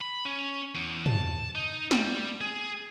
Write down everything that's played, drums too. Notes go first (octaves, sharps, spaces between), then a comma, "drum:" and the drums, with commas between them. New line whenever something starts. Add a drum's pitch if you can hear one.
B5
C#4
E2
A5, drum: tom
D#4
G3, drum: snare
G#4